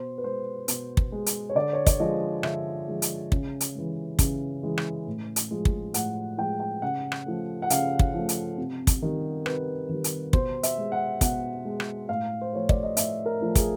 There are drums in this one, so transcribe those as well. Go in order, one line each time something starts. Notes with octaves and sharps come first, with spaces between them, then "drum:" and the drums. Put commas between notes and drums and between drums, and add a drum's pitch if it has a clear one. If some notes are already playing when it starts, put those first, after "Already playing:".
Already playing: B2 C5
B4
G#3 C5
B2, drum: hi-hat
drum: kick
G#3
drum: hi-hat
C#5
D3 D5
C#5
D5, drum: kick, hi-hat
F3 G#3 D#5
D3 E5, drum: rim click
F3 G#3
drum: hi-hat
C#3, drum: kick
drum: hi-hat
E3 G#3
C#3, drum: kick, hi-hat
E3 G#3
drum: rim click
A2
drum: hi-hat
F3 G#3
drum: kick
A2 F#5, drum: hi-hat
F3 G#3 G5
G5
C#3 F#5
drum: rim click
F3 A3
F#5
C#3 F5, drum: hi-hat
drum: kick
F3 A3
drum: hi-hat
C3
drum: kick, hi-hat
D#3 G3
C3 B4, drum: rim click
D#3 G3
drum: hi-hat
B2 C5, drum: kick
E5, drum: hi-hat
G#3
F#5
B2 F#5, drum: kick, hi-hat
G#3
drum: rim click
A2 F5
C5
F3 A3 C#5
D5, drum: kick
D#5
A2 E5, drum: hi-hat
A#4
F3 A3
G#4, drum: kick, hi-hat